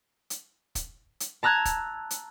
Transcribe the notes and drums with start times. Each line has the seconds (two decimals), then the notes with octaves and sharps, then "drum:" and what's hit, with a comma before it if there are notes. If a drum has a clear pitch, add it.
0.30 drum: hi-hat
0.75 drum: kick, hi-hat
1.20 drum: hi-hat
1.43 A5 A#5 E6 F#6 G#6
1.65 drum: kick, hi-hat
2.10 drum: hi-hat